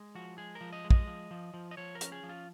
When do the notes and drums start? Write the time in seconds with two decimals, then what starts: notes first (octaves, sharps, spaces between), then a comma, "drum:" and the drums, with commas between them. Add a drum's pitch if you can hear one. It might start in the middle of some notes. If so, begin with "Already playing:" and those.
Already playing: G#3
0.15 F3 F#4
0.38 G#3 G#4
0.55 A#4
0.61 F3
0.73 D#5
0.85 G#3
0.91 D#5, drum: kick
1.07 F3
1.31 F3
1.54 F3
1.71 D#5
1.77 F3 C#5
1.95 A#4
2.01 C#4, drum: hi-hat
2.12 G#4
2.23 F3
2.29 F4